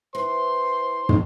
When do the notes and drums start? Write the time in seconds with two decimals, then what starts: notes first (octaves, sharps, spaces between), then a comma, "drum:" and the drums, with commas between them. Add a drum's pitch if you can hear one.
0.15 E3 C5 C6
1.09 drum: tom